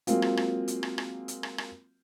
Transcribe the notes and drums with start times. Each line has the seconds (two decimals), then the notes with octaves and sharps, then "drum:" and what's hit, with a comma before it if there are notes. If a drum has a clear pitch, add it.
0.07 F#3 G#3 A#3 C4 F4, drum: hi-hat
0.22 drum: rim click
0.37 drum: rim click
0.68 drum: hi-hat
0.83 drum: rim click
0.98 drum: rim click
1.28 drum: hi-hat
1.43 drum: rim click
1.58 drum: rim click